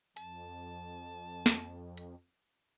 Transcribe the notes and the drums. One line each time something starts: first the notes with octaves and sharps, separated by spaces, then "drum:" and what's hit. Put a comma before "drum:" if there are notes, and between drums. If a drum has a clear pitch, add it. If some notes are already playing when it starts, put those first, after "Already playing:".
F2 A5, drum: hi-hat
drum: snare
drum: hi-hat